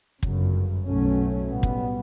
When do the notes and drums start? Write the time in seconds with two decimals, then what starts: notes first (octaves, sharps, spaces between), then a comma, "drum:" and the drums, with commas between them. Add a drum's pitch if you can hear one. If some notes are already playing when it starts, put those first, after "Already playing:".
0.23 G1 F#2 C#3, drum: kick
0.87 B1 B2 F#3 A3 C#4
1.51 B1 A2 G3 B3
1.63 drum: kick